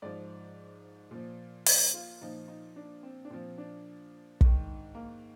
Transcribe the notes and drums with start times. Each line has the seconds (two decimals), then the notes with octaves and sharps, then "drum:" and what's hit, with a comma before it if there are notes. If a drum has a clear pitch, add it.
0.02 G#2 F3 D5
1.11 A#2 F3
1.66 C5, drum: open hi-hat
1.94 F4
2.21 A#2 F3 D#4
2.48 D#4
2.76 D4
3.03 C4
3.25 D4
3.30 A#2 F3 C4
3.58 D4
4.41 G#2 D#3, drum: kick
4.95 A#3